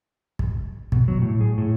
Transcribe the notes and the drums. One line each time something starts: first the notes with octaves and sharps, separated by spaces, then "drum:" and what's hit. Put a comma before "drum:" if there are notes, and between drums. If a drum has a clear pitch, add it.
drum: kick
B2, drum: kick
F#3
A2
G#4
A2